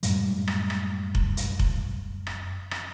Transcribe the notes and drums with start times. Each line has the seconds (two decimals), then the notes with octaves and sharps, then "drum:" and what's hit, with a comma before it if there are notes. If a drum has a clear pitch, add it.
0.03 F#2 A2 G3 G#3, drum: hi-hat
0.48 drum: rim click
0.70 drum: rim click
1.15 drum: kick F1
1.37 drum: hi-hat
1.59 drum: kick F1
2.27 drum: rim click
2.71 drum: rim click